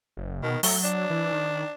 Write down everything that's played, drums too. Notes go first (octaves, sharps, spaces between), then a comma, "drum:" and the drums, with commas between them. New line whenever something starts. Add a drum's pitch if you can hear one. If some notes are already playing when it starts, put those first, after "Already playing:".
F#1
B2 D#3
F#3 A3, drum: open hi-hat
D4
E3
D#3